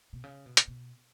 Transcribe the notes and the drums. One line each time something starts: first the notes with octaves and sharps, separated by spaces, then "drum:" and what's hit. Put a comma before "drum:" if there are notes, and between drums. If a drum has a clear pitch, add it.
B2
C#3
B2
drum: hi-hat
B2